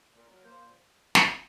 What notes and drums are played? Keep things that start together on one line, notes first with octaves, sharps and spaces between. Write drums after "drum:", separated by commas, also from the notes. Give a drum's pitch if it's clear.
A#2
A#4
F#3
A#3 C5
A#2
drum: snare